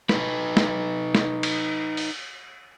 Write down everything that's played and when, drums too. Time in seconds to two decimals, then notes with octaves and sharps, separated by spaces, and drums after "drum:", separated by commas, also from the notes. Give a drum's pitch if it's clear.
0.09 D#4 B4, drum: snare
0.57 drum: snare
1.15 drum: snare
1.43 drum: cymbal
1.97 drum: open hi-hat